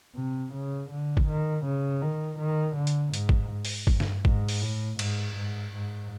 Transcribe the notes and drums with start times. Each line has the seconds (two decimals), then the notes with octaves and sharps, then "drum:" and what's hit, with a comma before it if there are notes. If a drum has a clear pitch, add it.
0.15 C3
0.53 C#3
0.90 D3
1.17 drum: kick
1.28 D#3
1.65 C#3
2.02 D#3
2.39 D#3
2.76 D3
2.87 drum: hi-hat
3.14 G#2, drum: hi-hat
3.29 drum: kick
3.65 drum: open hi-hat
3.87 G2, drum: kick
4.00 drum: snare
4.25 G#2, drum: kick
4.49 drum: open hi-hat
4.62 A2
4.99 G#2, drum: cymbal
5.36 G#2
5.73 G#2